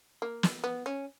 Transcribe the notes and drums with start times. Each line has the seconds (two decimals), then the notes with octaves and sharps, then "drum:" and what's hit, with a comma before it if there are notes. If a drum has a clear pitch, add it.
0.22 A#3
0.43 drum: snare
0.64 B3
0.86 C#4